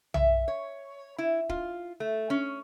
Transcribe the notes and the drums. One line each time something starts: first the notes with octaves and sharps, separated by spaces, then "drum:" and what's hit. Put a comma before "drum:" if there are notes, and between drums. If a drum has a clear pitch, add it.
E5, drum: tom B1
C#5
E4
F4, drum: kick
A3
C#4